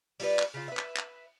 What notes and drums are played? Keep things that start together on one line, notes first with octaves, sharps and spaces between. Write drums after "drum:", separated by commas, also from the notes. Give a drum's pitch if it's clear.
G3 F4 B4, drum: open hi-hat
drum: clap
C#3 F4
B4 E5
drum: clap
drum: clap